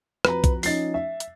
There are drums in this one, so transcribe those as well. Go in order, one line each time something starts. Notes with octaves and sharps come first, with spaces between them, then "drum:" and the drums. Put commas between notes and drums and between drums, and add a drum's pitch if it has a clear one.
F2 F#4 B4 A#5, drum: rim click
drum: kick B1, hi-hat
F3 C#4 D#4 A6 C7, drum: open hi-hat
E5
drum: hi-hat